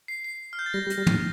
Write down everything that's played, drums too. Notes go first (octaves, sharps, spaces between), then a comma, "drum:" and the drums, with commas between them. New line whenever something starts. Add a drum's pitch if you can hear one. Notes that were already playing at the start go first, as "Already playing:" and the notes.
C7
C7
F6
G6
A6
G3 A#6
G3
A#6, drum: hi-hat
G3
A2 A#6, drum: tom